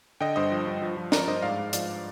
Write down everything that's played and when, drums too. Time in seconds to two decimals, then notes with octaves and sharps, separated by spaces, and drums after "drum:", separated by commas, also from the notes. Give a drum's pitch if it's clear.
0.21 D3 D#5 G5
0.36 G2 C5 D#5
0.52 F3
0.67 G2
0.82 F3
0.97 F3
1.12 F3 A#4 D5, drum: snare
1.27 G2 C5 D#5
1.42 G#2 D5 F5
1.59 G#2
1.73 F3 D5 F5, drum: hi-hat